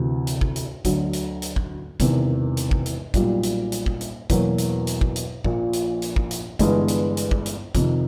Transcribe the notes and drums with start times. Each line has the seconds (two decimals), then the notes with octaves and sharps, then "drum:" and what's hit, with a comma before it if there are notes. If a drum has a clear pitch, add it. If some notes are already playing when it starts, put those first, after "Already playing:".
Already playing: D2 C3 E3
0.27 drum: hi-hat
0.41 drum: kick
0.56 drum: hi-hat
0.85 D2 D3 F#3, drum: kick, hi-hat
1.13 drum: hi-hat
1.42 drum: hi-hat
1.56 drum: kick
2.00 E1 E2 C3 D#3, drum: kick, hi-hat
2.57 drum: hi-hat
2.71 drum: kick
2.86 drum: hi-hat
3.14 B1 A#2 G3, drum: kick, hi-hat
3.43 drum: hi-hat
3.72 drum: hi-hat
3.86 drum: kick
4.01 drum: hi-hat
4.30 E2 B2 F#3 A#3, drum: kick, hi-hat
4.58 drum: hi-hat
4.87 drum: hi-hat
5.01 drum: kick
5.16 drum: hi-hat
5.44 A#1 A#2 F3, drum: kick
5.73 drum: hi-hat
6.02 drum: hi-hat
6.16 drum: kick
6.31 drum: hi-hat
6.59 G1 G2 E3 G#3 B3, drum: kick, hi-hat
6.88 drum: hi-hat
7.17 drum: hi-hat
7.31 drum: kick
7.46 drum: hi-hat
7.75 F2 C3 D#3, drum: kick, hi-hat